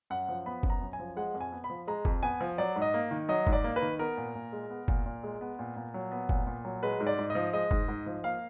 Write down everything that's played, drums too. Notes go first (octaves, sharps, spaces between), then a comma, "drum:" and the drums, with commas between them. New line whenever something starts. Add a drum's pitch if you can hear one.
F#2 F#5
F3
B3 B5
F#2, drum: kick
A#5
F#2
G#5
F3
G#3 F#5
F2
G#5
B3
B5
F3
G#3 A#5
F2, drum: kick
B3 G#5
F3
F#3 D5
G#2
D#5
A#3
D#3
F#3 D#5
G#2, drum: kick
D5
A#3
B4
D#3
B3 A#4
A#2
A#2
G#3
B3
A#2, drum: kick
A#2
G#3
B3
A#2
A#2
F#3
B3
A#2, drum: kick
A#2
F#3
G#3 B4
G#2
D5
G#2
D#5
F3
G#3 D#5
G#2, drum: kick
G#2
F3
A#3 F5